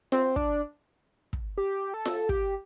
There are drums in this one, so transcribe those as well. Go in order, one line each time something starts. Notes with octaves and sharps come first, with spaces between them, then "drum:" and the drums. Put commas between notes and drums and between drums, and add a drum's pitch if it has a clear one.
C4, drum: snare F4
D4, drum: kick
drum: kick
G4
A4
drum: snare F4
G4, drum: kick